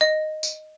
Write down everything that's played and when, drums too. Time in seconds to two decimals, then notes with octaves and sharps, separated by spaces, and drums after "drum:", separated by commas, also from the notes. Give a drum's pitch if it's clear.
0.01 D#5
0.43 drum: tambourine